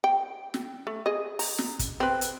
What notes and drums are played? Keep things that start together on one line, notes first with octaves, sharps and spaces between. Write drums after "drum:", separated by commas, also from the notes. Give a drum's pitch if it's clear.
G5
drum: snare
A3
G#4 D#5
A#5, drum: open hi-hat
drum: snare
drum: kick, hi-hat
C4 B4
drum: hi-hat